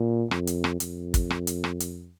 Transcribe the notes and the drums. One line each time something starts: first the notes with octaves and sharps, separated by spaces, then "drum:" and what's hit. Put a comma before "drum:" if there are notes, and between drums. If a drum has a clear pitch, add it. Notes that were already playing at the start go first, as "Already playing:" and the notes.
Already playing: A#2
F2, drum: rim click
drum: hi-hat
drum: rim click
F2, drum: hi-hat
drum: kick, hi-hat
drum: rim click
drum: hi-hat
drum: rim click
drum: hi-hat